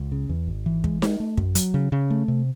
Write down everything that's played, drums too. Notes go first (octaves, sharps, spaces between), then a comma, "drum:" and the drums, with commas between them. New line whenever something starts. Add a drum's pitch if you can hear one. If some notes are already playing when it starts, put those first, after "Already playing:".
Already playing: C#2
C#3
E2
G#1
E3
G#3, drum: kick
G#3, drum: snare D#4
A3
F#2, drum: kick
F#3, drum: hi-hat
C#3
C#3
A3
C3